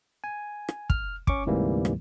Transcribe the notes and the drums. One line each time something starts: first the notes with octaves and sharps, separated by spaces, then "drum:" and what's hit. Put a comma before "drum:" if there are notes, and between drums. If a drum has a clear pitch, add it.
G#5
drum: rim click
F6, drum: kick
C#4 C#6 D6, drum: kick
D2 G#2 C3 E3 G3 A#3
drum: rim click